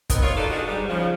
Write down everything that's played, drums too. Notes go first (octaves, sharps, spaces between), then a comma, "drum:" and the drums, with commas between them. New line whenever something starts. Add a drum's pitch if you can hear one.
D#3 B3 C4 A#4 D#5, drum: kick, hi-hat
F4 C#5
F#3 D#4 F4 A4 B4 D5
G#3 D4 D#4 F#4
G#2 G3
C#3 F3